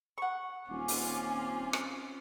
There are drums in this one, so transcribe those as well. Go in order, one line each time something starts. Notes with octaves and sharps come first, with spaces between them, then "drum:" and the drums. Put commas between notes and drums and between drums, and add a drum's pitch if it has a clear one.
F#5 C#6
D#1 C4 C#4 F4 G#5 D6
drum: open hi-hat
drum: rim click